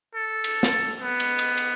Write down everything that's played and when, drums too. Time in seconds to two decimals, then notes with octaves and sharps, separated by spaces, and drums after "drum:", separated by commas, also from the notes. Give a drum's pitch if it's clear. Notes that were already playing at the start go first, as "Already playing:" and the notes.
0.15 A4
0.44 drum: cymbal
0.63 drum: snare
1.01 B3
1.20 drum: cymbal
1.39 drum: cymbal
1.58 drum: cymbal